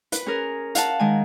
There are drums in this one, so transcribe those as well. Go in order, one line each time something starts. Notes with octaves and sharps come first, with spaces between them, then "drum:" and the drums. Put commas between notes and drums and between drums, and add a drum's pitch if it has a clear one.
B4, drum: hi-hat
C#4 G#4 A#4
F5 F#5 A5, drum: hi-hat
D#3 G#3 G#5